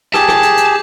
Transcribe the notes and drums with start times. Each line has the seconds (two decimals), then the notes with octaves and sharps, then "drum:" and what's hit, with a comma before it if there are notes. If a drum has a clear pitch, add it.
0.14 G4 G#4 A5, drum: rim click
0.28 drum: rim click
0.43 drum: hi-hat
0.57 drum: hi-hat